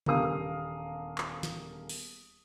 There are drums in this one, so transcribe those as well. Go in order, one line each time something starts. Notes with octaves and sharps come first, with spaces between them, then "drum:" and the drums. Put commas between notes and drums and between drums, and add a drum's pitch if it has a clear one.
D#1 E2 D4 A#4 F5 D#6, drum: tom C3
drum: clap
drum: snare
drum: open hi-hat